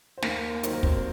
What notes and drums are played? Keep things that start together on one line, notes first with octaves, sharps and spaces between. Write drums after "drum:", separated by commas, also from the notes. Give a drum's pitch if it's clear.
C5
D#2 A#3 A#4, drum: snare
D#3 F#3 C5, drum: hi-hat
A#4
C4 C5, drum: kick